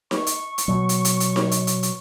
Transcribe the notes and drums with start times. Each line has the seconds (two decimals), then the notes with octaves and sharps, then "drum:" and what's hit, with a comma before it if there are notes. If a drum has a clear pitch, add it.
0.11 C#6, drum: snare D#4
0.27 drum: hi-hat
0.58 drum: hi-hat
0.68 B2 F#3
0.89 drum: hi-hat
1.05 drum: hi-hat
1.20 drum: hi-hat
1.36 drum: snare D#4
1.51 drum: hi-hat
1.67 drum: hi-hat
1.83 drum: hi-hat